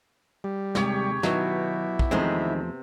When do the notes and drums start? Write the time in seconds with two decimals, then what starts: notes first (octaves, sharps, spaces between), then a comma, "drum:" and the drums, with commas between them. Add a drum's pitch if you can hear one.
0.44 G3
0.75 D#2 C3 G#3 G4 C#5, drum: snare
1.23 B2 D#3 F#3 E4 B4, drum: snare
1.99 drum: kick
2.11 E2 C3 D#3 F3 G#3 A3 C4